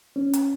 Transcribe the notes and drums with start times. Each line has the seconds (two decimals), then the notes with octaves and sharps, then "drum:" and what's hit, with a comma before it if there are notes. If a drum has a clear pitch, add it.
0.16 C#4
0.33 drum: hi-hat